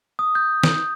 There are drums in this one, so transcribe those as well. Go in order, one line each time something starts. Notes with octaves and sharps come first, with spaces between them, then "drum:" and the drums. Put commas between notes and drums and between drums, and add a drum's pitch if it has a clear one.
D#6
G6
drum: snare